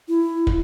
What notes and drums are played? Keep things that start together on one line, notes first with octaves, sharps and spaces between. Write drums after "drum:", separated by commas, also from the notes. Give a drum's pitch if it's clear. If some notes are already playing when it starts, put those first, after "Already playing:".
E4
drum: kick